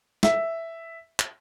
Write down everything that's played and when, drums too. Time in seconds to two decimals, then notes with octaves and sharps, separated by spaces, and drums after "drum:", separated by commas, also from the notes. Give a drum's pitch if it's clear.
0.23 E5, drum: snare
1.19 drum: clap